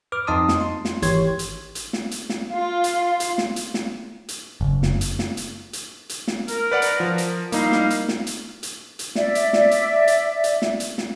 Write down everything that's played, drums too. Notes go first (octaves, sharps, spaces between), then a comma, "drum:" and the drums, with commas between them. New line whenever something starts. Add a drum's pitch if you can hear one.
B4 D6 F6
F2 D#4 D#5 A5 C6 D#6
drum: snare
C6
drum: snare
G#1 E3 G4 C#5 C6 G#6, drum: hi-hat
drum: hi-hat
drum: hi-hat
drum: snare
drum: hi-hat
drum: snare
F4
drum: hi-hat
drum: hi-hat
drum: snare
drum: hi-hat
drum: snare
drum: hi-hat
F#1
drum: snare
drum: hi-hat
drum: snare
drum: hi-hat
drum: hi-hat
drum: hi-hat
drum: snare
A#4, drum: hi-hat
B4 D5 F#5
drum: hi-hat
F3
drum: hi-hat
G3 A#3 D#4 E4 F5, drum: hi-hat
drum: snare
drum: hi-hat
drum: snare
drum: hi-hat
drum: hi-hat
drum: hi-hat
D5 E5, drum: snare
drum: hi-hat
drum: snare
drum: hi-hat
drum: hi-hat
drum: hi-hat
drum: snare
drum: hi-hat
drum: snare